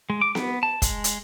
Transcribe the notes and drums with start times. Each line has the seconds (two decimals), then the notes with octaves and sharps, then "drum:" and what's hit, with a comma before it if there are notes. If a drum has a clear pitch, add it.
0.10 G#3
0.21 D6
0.35 B3, drum: snare B3
0.63 A5
0.82 G#3, drum: kick, hi-hat
1.04 drum: hi-hat